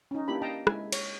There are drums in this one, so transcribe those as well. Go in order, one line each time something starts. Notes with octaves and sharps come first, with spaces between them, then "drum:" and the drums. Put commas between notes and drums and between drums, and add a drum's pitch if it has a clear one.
C#4 D#4
A#3 D4 E4 G4 B5
D#5 F5 G5 A5 A#5
G#3 E4 G#5, drum: rim click
C#5, drum: cymbal